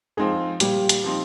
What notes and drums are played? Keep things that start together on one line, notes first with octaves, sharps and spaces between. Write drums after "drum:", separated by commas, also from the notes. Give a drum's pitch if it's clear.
F3 G#3 C4 D#4 G#4
A#2 G3 G4, drum: hi-hat
drum: hi-hat
F3 C4 D#4